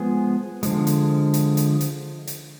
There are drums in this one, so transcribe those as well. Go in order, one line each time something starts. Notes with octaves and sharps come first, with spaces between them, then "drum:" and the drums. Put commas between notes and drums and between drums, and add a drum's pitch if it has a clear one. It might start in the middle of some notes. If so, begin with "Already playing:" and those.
Already playing: F3 G#3 B3 G#4
D3 F3 G#3, drum: hi-hat
drum: hi-hat
drum: hi-hat
drum: hi-hat
drum: hi-hat
drum: hi-hat